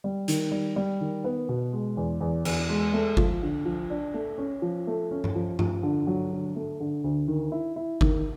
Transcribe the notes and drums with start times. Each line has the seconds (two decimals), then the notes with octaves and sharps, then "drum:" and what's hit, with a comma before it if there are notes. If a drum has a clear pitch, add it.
0.04 G3
0.28 D#3, drum: hi-hat
0.51 G3
0.76 G3
1.01 D#3
1.24 B3
1.49 B2
1.73 G#3
1.97 E2
2.21 E2
2.45 E2, drum: cymbal
2.69 G#3
2.93 A3
3.17 F3, drum: kick G1
3.42 D3
3.65 F3
3.90 D4
4.14 A3
4.38 C#4
4.62 F3
4.87 A3
5.11 C#4
5.24 drum: tom G2
5.35 F3
5.59 F3, drum: tom G2
5.83 D3
6.07 F#3
6.32 D3
6.56 A3
6.80 D3
7.04 D2
7.28 D#3
7.52 E4
7.76 E4
8.01 D#3, drum: kick G1